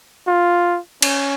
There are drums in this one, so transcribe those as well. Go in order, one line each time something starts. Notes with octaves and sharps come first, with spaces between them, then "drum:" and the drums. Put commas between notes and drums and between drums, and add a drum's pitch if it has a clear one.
F4
C#4, drum: cymbal